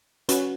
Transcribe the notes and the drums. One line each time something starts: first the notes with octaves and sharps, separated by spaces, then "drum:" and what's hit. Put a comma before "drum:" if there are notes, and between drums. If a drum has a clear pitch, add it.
C#4 F#4 B4, drum: hi-hat